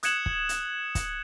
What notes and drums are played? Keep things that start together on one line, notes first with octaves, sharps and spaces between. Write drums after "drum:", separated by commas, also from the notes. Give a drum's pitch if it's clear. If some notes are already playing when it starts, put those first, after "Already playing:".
D#6 F#6 G#6 C#7 E7 F#7, drum: hi-hat
drum: kick
drum: hi-hat
drum: kick, hi-hat